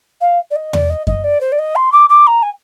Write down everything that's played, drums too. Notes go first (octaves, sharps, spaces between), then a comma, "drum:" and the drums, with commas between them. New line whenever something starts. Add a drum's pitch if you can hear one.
F5
D5
D#5
D5, drum: tom E2
D#5
D#5, drum: kick F#2
D5
C5
D5
D#5
C6
D6
D6
A#5
G#5